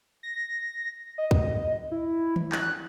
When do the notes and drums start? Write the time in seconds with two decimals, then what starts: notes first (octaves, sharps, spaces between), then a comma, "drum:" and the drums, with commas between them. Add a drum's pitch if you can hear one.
0.23 A#6
1.18 D#5
1.31 drum: kick
1.91 E4
2.36 drum: tom D#3
2.52 F#6, drum: clap